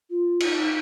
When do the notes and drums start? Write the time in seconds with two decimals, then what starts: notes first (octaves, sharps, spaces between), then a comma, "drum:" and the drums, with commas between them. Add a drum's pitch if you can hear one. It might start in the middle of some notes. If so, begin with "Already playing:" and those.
0.10 F4
0.40 F4, drum: cymbal
0.45 D#4